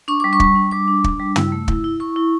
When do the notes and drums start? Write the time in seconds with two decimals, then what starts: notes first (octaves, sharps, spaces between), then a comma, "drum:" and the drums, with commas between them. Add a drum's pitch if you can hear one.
0.08 D4 C#6
0.20 G3 D6
0.33 C#6
0.40 G3, drum: kick
0.55 D4
0.71 G3 D6
0.88 D4
1.04 D4, drum: kick
1.20 G3
1.36 E4 E6, drum: tom
1.52 A3
1.68 E4, drum: kick
1.84 E4
2.00 E4 C#6
2.16 E4